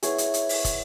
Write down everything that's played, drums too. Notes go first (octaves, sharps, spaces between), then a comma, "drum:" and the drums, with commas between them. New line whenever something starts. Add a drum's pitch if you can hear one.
B3 E4 G#4 C#5, drum: hi-hat
drum: hi-hat
drum: hi-hat
drum: open hi-hat
drum: kick, hi-hat